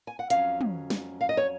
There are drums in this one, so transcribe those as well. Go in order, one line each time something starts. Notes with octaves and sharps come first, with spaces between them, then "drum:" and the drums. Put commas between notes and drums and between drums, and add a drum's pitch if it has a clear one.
G#5
F#5
F2 C#3 F#3 C#4 F5, drum: hi-hat
drum: tom
drum: snare
F5
D#5
C#5